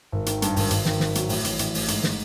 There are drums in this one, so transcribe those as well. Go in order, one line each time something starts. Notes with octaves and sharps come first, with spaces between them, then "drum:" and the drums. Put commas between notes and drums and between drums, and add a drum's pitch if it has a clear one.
G#1
D#3, drum: hi-hat
G2, drum: hi-hat
G#1, drum: open hi-hat
G#1, drum: hi-hat
D#3, drum: snare
D#3, drum: snare
F#3, drum: hi-hat
A2, drum: open hi-hat
A1, drum: hi-hat
A1, drum: hi-hat
A2, drum: open hi-hat
G#2, drum: hi-hat
drum: snare